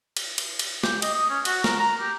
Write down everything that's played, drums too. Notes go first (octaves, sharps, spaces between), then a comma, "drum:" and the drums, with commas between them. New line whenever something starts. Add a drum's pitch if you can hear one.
drum: cymbal
drum: cymbal
drum: cymbal
G4, drum: snare
D#5, drum: cymbal
D#6
C#4
F#4, drum: cymbal
A#4, drum: snare
A#5
G4